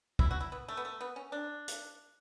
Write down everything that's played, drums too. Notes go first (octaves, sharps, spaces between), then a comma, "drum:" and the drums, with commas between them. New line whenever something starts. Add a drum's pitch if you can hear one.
E4, drum: kick
F#4
E4
B3
A3
B3
A3
B3
C#4
D4
drum: hi-hat